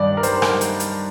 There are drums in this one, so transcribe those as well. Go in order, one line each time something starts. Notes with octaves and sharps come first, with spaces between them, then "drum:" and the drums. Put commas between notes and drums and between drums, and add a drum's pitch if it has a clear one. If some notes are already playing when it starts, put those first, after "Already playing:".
Already playing: G2 D#3 D5
A#4
C5, drum: hi-hat
drum: rim click
drum: hi-hat
drum: hi-hat